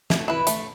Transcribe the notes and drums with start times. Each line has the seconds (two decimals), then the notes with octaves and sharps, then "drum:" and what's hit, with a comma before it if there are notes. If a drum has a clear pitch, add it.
0.10 A3, drum: snare
0.28 E4 B4
0.47 A3, drum: hi-hat